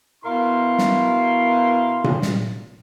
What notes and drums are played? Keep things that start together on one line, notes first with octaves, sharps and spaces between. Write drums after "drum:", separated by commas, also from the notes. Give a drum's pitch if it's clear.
B2 E4 A#4 F5 C6
drum: snare
drum: tom A#2
drum: snare